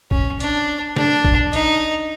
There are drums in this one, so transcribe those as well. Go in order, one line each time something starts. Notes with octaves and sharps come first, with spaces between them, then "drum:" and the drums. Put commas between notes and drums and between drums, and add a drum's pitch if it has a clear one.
C#4, drum: kick A#1
D4, drum: hi-hat
D4, drum: snare
drum: kick A#1
D#4, drum: hi-hat